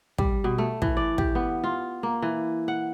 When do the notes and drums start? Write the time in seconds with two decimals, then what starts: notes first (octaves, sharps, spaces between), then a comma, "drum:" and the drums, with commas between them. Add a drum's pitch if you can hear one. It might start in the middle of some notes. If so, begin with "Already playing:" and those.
0.18 G3, drum: kick
0.44 B2
0.58 A3
0.82 E3, drum: kick
0.97 D5
1.18 G4, drum: kick
1.35 B3
1.64 F4
2.03 A#3
2.22 E3
2.68 F#5